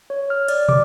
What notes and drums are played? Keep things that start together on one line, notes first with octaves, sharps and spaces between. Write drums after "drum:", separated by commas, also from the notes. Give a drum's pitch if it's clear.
C#5
F6
D5, drum: cymbal
D6, drum: tom